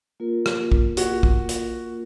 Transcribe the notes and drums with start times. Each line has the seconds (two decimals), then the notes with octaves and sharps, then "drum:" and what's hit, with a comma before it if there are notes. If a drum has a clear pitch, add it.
0.20 A#3 F4 A#4
0.46 drum: rim click
0.72 drum: kick
0.97 F#4, drum: hi-hat
1.23 drum: kick
1.49 drum: hi-hat